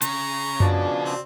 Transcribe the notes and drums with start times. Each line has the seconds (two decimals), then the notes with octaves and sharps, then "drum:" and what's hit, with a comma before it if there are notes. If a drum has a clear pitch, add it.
0.02 C#3 A#5 C#6, drum: hi-hat
0.60 B2 F3 D4 F#4 D5, drum: tom F#2
1.05 C4